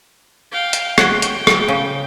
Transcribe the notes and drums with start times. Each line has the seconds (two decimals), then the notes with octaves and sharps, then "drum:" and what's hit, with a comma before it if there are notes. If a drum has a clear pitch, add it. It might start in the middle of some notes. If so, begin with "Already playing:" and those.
0.52 F5 G5
0.73 drum: hi-hat
0.98 C#5 F#5 G5, drum: rim click
1.22 drum: hi-hat
1.47 drum: rim click
1.68 C#3